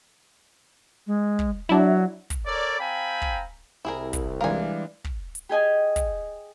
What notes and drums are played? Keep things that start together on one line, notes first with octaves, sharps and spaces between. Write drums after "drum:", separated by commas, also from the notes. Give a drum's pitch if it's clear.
G#3
drum: kick
F#3 D4 E4
drum: kick, hi-hat
A4 A#4 C#5 D5
C4 F5 G5 G#5 A#5 B5
drum: kick
C2 E4 G#4 A#4
drum: kick, hi-hat
E3 G3 G#3 D4 A#4 F5 G#5
drum: kick
drum: hi-hat
G4 G#4 D#5 G#5
drum: kick, hi-hat